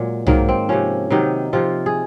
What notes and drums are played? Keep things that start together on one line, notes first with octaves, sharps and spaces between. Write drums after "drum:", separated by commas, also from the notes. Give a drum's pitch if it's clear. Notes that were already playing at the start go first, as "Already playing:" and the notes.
Already playing: A#2 F#3 G#3
G#2 D#3 F#3 A#3, drum: tom B1
C4
C3 F3 C#4
C3 D#3 F#3 D#4
C3 F3 F4
G#4